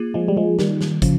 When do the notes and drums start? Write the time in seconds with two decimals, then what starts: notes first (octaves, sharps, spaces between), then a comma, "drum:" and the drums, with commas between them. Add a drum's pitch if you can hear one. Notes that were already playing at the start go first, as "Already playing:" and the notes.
Already playing: A#3 F4 G#4
0.14 F3 G#3
0.28 G3
0.37 F3 G#3
0.59 D#3 G3, drum: snare
0.81 drum: snare
1.02 C#3 F3, drum: kick, hi-hat